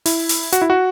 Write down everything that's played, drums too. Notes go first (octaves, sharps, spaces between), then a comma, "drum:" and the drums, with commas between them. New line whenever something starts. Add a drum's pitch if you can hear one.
E4, drum: open hi-hat
drum: open hi-hat
F#4, drum: hi-hat
E4
F#4